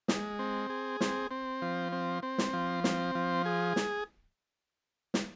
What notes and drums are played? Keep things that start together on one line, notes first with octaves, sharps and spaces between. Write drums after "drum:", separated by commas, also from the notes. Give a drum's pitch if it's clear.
G#3, drum: snare
C4
G#4
C4, drum: snare
C4
F3
C4
C4
drum: snare
F3
C4, drum: snare
F3
G#4
drum: snare
drum: snare